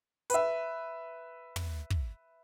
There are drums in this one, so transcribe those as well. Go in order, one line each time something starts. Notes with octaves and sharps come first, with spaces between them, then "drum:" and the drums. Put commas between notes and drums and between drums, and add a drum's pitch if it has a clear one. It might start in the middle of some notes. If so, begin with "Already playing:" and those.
B4 E5, drum: hi-hat
drum: tom
drum: kick